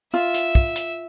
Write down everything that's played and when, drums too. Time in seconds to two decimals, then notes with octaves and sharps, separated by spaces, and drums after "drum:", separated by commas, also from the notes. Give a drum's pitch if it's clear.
0.14 F4 E5
0.34 drum: hi-hat
0.55 drum: kick
0.76 drum: hi-hat